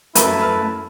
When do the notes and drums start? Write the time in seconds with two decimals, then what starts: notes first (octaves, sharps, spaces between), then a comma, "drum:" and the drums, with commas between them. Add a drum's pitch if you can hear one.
0.15 F#2 A3 E4 A#4 B4, drum: hi-hat
0.38 F#2 B4 F6